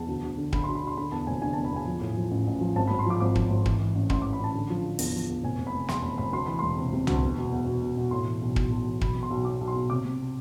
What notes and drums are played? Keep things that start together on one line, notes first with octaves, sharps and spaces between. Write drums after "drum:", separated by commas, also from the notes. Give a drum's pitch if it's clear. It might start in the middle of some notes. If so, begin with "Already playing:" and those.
Already playing: E2 A5
D2
D2
D3
D3 B5, drum: kick
D2 C6
B5
D2 C6
D3 B5
E2 A5
F1 G#5
D3 G#5
E2 A5
B5
E2 G#5
F3
A2
F3
A1
A1
F3
G#1 A5
G#1 B5
C6
F3 D6
G#1 D6
F3, drum: kick
G#1
E3, drum: kick
E3
A1
A1 C6, drum: kick
E3 D6
B5
A1 A5
D3
F3
D3
E2, drum: open hi-hat
F3
E2
F1 G#5
F1
B5
F1
E2 C6, drum: snare
F1 B5
F1 B5
D2 C6
E3 B5
E1 C6
C3
C3
D2, drum: tom C2
E2
B2
E2
B2
B2
B2
A2 C6
E3
B1
B1, drum: kick
B1
E3
B1 B5, drum: kick
B2
C6
B1
B2 D6
B1
C6
B2
C3 D6
C3